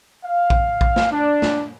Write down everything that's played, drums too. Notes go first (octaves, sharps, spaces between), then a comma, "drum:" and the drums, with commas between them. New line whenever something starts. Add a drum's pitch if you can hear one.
F5
drum: kick A#1
drum: kick A#1
drum: snare
D4
drum: snare